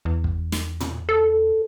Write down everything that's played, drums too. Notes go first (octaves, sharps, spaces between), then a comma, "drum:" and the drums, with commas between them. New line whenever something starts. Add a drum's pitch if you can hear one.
E2
drum: kick
drum: snare
drum: tom
A4